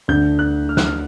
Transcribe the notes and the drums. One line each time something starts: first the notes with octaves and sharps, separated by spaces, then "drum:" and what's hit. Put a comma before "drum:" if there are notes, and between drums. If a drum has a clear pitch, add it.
D2 D3 G6
F#6
F6
F#6, drum: snare
F6